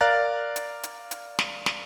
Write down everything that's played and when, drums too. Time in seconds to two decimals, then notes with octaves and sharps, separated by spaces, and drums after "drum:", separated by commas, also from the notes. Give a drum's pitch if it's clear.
0.01 A#4 D5 F5 A#5 F#6 A6
0.56 drum: hi-hat
0.83 drum: hi-hat
1.11 drum: hi-hat
1.39 drum: snare
1.66 drum: snare